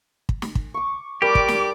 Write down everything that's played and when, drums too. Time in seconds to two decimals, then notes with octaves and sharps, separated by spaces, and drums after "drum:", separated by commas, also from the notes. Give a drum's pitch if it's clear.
0.29 drum: kick
0.42 drum: snare
0.55 drum: kick
0.74 C#6 D6
1.22 G3 G4 A#4 D5 A5 D6
1.35 drum: kick
1.48 drum: snare